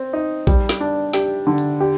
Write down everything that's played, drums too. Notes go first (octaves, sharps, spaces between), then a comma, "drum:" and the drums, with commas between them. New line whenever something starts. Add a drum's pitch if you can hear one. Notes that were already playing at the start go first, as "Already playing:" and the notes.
Already playing: C4
D#4
G3, drum: kick A#1
drum: snare
D4
G4, drum: snare
D3
drum: hi-hat
G4